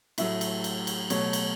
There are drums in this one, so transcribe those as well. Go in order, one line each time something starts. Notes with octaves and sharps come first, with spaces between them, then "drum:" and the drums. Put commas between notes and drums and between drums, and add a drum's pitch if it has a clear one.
A2 F#3 A3 E5, drum: cymbal
drum: cymbal
drum: cymbal
drum: cymbal
B2 F#3 A3 C#5, drum: cymbal
drum: cymbal